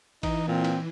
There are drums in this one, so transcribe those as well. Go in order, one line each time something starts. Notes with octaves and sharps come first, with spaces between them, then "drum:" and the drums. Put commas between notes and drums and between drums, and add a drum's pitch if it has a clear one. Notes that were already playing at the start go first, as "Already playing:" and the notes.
E3 D#4, drum: kick G#1, cymbal
A#2 C4
drum: cymbal